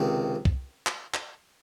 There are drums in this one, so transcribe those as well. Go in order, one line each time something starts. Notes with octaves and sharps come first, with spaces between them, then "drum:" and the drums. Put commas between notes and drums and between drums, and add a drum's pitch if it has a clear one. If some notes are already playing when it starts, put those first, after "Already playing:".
Already playing: C#2 C3 D#3
drum: kick
drum: clap
drum: clap